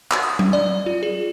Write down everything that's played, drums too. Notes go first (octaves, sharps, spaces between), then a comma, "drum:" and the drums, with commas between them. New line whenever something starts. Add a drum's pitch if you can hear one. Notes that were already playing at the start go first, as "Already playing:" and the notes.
drum: clap
D#6
drum: tom F#3
D5
F4
G#4